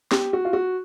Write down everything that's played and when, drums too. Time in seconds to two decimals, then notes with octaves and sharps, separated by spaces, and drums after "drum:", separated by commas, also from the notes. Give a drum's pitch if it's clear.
0.11 G4, drum: snare
0.33 F#4
0.45 F4
0.53 F#4